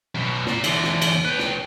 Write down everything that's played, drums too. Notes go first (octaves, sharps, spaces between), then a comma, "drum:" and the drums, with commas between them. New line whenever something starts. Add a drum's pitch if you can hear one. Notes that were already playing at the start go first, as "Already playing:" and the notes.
F#2 B2
A#2, drum: snare
E2 D3, drum: cymbal
drum: snare
drum: cymbal
B4 G5
drum: snare